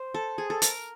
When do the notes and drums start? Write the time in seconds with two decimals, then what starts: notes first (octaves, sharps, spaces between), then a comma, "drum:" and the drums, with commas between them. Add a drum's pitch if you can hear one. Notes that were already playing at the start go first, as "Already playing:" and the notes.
Already playing: C5
0.14 A4
0.38 G#4
0.50 A4
0.62 A#4, drum: hi-hat